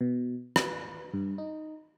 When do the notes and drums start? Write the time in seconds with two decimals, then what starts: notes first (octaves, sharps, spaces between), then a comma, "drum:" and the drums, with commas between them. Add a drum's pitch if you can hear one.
0.01 B2
0.56 B4, drum: rim click
1.14 G2
1.38 D#4